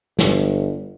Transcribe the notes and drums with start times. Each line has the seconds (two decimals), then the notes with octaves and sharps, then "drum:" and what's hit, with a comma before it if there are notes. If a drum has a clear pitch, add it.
0.19 G1, drum: snare